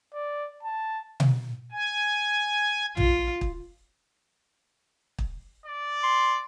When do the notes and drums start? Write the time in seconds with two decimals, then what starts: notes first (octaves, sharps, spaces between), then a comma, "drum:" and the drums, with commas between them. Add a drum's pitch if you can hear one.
0.13 D5
0.63 A5
1.20 drum: tom B2
1.72 G#5
2.97 F4, drum: tom
3.41 drum: kick
5.18 drum: kick
5.66 D5
6.04 C6